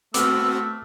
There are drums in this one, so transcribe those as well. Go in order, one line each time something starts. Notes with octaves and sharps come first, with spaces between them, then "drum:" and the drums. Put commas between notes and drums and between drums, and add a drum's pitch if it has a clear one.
A3 B3 C4 F#4 D6 E6 F6, drum: hi-hat